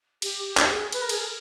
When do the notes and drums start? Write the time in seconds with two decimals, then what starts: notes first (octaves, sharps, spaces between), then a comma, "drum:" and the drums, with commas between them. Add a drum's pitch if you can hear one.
0.22 G4, drum: cymbal
0.46 G4
0.57 drum: clap
0.69 G#4
0.92 B4, drum: cymbal
1.01 A#4
1.09 G#4, drum: cymbal
1.18 A#4